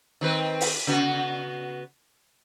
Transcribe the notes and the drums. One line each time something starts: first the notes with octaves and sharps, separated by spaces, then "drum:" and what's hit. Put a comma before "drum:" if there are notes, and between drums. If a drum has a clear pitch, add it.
D#3 C4 B4
drum: open hi-hat
C#3 B3 F#4